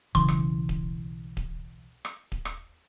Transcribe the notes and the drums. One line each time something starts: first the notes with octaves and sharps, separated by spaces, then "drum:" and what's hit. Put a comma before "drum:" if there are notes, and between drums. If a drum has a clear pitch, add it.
B1 C#3 E3 C6, drum: kick D1
drum: rim click
drum: kick D1
drum: kick D1
drum: rim click
drum: kick D1
drum: rim click